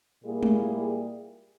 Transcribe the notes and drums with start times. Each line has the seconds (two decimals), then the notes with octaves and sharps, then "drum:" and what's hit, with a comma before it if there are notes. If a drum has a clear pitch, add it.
0.24 A#2 G3 A#3 E4 G#4
0.43 drum: tom G#3